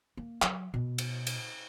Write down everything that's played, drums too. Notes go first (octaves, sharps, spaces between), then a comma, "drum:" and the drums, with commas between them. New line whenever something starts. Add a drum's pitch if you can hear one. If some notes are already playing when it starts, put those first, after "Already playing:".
A#3
F#3, drum: clap
B2
drum: cymbal
drum: cymbal